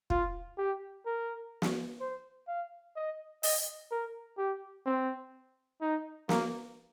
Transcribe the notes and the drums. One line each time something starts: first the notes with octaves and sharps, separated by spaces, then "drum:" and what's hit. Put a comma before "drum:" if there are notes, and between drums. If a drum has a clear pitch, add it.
F4, drum: kick
G4
A#4
drum: snare
C5
F5
D#5
D#5, drum: open hi-hat
A#4
G4
C4
D#4
A#3, drum: snare